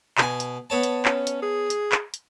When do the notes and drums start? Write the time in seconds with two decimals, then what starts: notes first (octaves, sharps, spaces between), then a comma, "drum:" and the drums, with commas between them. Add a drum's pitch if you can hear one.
0.18 B2 G#5, drum: clap
0.40 drum: hi-hat
0.70 B3 C#5 A5
0.83 drum: hi-hat
1.05 C#4, drum: clap
1.27 drum: hi-hat
1.42 G#4
1.70 drum: hi-hat
1.92 drum: clap
2.14 drum: hi-hat